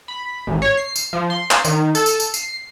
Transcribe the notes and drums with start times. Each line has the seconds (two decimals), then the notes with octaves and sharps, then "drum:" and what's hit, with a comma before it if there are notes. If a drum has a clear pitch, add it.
0.08 B5
0.47 A1
0.62 C#5
0.77 C7
0.96 drum: tambourine
1.13 F3
1.30 C6
1.51 drum: clap
1.65 D#3, drum: tambourine
1.95 A4, drum: tambourine
2.06 drum: tambourine
2.20 drum: tambourine
2.34 C7, drum: tambourine